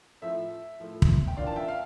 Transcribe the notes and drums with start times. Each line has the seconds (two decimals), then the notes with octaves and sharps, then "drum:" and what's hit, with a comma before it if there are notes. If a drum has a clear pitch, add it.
0.22 A2 F3 A3 E5
0.80 A2 F3 A3
1.02 drum: kick
1.27 G5
1.37 E2 E3 A#3 D4 F4 D5 F5
1.47 A5
1.56 E5 G5
1.68 F5